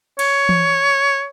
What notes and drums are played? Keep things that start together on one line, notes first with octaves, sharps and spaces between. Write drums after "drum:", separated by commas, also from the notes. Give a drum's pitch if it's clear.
C#5, drum: cymbal
drum: tom E3